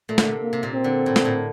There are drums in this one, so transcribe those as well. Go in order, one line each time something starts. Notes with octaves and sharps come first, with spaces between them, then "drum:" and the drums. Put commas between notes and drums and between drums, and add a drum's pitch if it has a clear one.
A#2 A3
D3, drum: snare
C3
A#3
C3
A#2
C4
D3
A2
A#2, drum: snare
A2